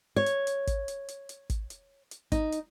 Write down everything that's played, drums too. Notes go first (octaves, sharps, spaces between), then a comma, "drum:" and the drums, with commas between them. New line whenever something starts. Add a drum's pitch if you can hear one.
C#5
drum: hi-hat
drum: hi-hat
drum: kick, hi-hat
drum: hi-hat
drum: hi-hat
drum: hi-hat
drum: kick, hi-hat
drum: hi-hat
drum: hi-hat
D#4, drum: kick, hi-hat
drum: hi-hat